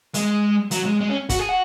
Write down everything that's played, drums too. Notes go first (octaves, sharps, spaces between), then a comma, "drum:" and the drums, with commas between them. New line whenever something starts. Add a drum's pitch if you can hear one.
G#3, drum: hi-hat
F#3, drum: hi-hat
G#3
G#3
C#4
F#4, drum: kick, hi-hat
G#4
F#4